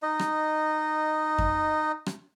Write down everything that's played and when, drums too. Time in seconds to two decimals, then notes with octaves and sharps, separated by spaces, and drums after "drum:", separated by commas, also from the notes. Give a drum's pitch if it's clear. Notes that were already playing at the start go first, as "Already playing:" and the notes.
0.02 D#4 D#5
0.19 drum: rim click
1.38 drum: kick F2
2.06 drum: rim click